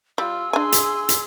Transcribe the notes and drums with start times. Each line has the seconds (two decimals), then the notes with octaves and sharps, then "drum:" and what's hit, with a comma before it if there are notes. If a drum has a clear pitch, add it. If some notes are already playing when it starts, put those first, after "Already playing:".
0.18 G3 F4 E6
0.53 D4 G#4 G#5 C6
0.72 drum: hi-hat
1.09 drum: hi-hat